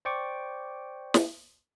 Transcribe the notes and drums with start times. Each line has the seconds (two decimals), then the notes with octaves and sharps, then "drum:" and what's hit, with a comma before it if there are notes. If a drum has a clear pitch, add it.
0.05 C5 D5 G5 C#6 D6
1.14 drum: snare